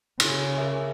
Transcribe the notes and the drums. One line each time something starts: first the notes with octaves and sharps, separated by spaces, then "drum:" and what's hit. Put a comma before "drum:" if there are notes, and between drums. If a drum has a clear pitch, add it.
C#3, drum: cymbal
G#4 A#4 E5